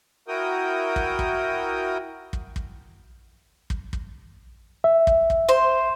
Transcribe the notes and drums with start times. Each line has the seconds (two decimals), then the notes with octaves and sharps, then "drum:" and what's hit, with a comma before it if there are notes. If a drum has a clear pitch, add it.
0.28 E4 F#4 A#4 G5 D#6
0.96 drum: kick
1.19 drum: kick
2.33 drum: kick
2.56 drum: kick
3.70 drum: kick
3.93 drum: kick
4.84 E5
5.07 drum: kick
5.30 drum: kick
5.49 C5 C6